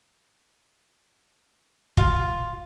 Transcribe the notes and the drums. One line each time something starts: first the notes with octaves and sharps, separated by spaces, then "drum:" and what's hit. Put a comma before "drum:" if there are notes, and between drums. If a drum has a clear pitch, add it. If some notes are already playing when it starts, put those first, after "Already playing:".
F4, drum: kick